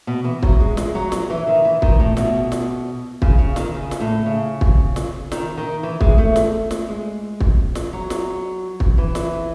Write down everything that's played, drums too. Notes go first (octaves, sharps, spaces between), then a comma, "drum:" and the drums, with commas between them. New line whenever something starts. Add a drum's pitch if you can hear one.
B2
E3
F#3, drum: kick
G#3
G#3, drum: snare
F#3
F#3, drum: snare
E3
D#3
E3
D#3, drum: kick
A2
B2, drum: snare
drum: snare
C#3, drum: kick
C#3
D#3, drum: snare
C#3
drum: snare
A2
C#3
drum: kick
drum: snare
D#3, drum: snare
D#3
E3
G#3, drum: kick
A3
drum: snare
drum: snare
G#3
drum: kick
drum: snare
F#3
drum: snare
drum: kick
E3
drum: snare